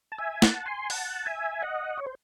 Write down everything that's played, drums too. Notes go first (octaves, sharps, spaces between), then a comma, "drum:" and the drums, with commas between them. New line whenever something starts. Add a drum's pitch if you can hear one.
A5
E5 G#5
F#5 A5, drum: snare
G#5 C6
F#5 A5, drum: open hi-hat
E5 G#5
D#5 F#5
C#5
C5